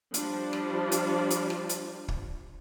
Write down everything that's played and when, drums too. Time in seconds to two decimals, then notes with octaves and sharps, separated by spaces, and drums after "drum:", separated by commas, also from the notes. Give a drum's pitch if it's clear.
0.14 F3 G3 D4, drum: hi-hat
0.53 drum: rim click
0.92 drum: hi-hat
1.31 drum: hi-hat
1.50 drum: rim click
1.70 drum: hi-hat
2.08 drum: kick